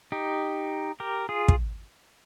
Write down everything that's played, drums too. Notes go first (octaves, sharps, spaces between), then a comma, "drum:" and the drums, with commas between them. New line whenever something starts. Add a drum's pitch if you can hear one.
D#4 G4
G4 A#4
F4 G#4
drum: kick